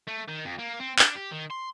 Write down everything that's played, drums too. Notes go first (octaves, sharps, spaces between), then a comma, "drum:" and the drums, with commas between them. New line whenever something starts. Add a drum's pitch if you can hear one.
A3
D#3
F2
A#3
C4
D4, drum: clap
G4
D#3
C6